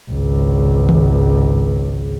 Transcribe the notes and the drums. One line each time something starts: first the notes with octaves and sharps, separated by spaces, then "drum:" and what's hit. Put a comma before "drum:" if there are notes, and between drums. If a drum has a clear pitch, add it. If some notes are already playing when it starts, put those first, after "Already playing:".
G#1 C#2
drum: tom D#3